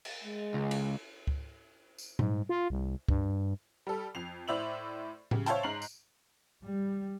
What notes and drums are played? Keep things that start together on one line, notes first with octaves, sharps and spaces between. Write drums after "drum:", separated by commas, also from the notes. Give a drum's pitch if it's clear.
drum: cymbal
G#3
C#2
drum: cymbal
drum: kick C#2
drum: tambourine
G#2, drum: tom A#2
F4
C2
G2, drum: kick C#2
G3 A4
F2 C7 F7
A2 C5 D5 E5 F7 F#7
C#3 G4, drum: tom A2
C5 C#5 E5 F5 G5 A5, drum: hi-hat
G#2 A#5 C7 F#7
drum: tambourine
G3